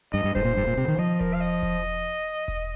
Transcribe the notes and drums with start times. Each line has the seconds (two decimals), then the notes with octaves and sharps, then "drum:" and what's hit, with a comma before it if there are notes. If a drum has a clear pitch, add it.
0.13 G2 D#5
0.24 G2
0.35 G2 C5, drum: kick E1, hi-hat
0.45 A#2
0.56 G2
0.67 A#2
0.77 C3, drum: hi-hat
0.88 D#3
0.98 F3 D#5
1.21 A#4, drum: kick E1, hi-hat
1.34 F5
1.41 D#5
1.63 drum: kick E1, hi-hat
2.05 drum: hi-hat
2.48 drum: kick E1, hi-hat